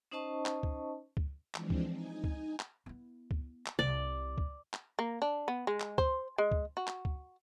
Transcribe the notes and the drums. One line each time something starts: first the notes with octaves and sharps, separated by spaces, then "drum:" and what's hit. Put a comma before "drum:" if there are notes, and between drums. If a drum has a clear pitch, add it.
C#4 D#4 C5 D#5 A5 C#6
drum: clap
drum: kick C#2
drum: kick C#2
E3 F3 G#3 C4 D4, drum: clap
drum: kick C#2
D#4 G#5
drum: kick C#2
drum: clap
B3 E4
drum: kick C#2
drum: clap
C2 C3 D5
drum: kick C#2
drum: clap
A#3
D4
B3
G#3
drum: clap
C5, drum: kick C#2
G#3
drum: kick C#2
F#4
drum: clap
drum: kick C#2